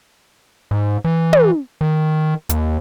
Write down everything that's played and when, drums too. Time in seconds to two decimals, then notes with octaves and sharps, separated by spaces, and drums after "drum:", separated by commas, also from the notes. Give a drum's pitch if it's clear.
0.71 G#2
1.05 E3
1.33 drum: tom
1.81 D#3
2.49 D#2, drum: hi-hat